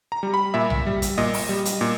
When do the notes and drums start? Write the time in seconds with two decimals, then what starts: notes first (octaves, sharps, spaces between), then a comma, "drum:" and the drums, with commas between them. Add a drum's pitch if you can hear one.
0.12 A#5
0.23 G3
0.34 B5
0.54 A#2 E5
0.70 drum: tom B1
0.87 G3
1.02 drum: kick, hi-hat
1.18 A#2 D#5
1.34 drum: open hi-hat
1.49 G3
1.65 drum: hi-hat
1.81 A#2